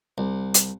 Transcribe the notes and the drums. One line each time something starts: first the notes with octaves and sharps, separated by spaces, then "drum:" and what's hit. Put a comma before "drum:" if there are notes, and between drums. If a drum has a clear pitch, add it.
C2
drum: hi-hat